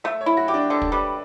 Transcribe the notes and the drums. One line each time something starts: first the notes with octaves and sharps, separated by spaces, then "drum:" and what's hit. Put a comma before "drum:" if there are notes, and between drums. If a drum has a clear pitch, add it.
A3 E5
C#5
E4
F#4
G4
D4
D3 A4
drum: kick
G3 B4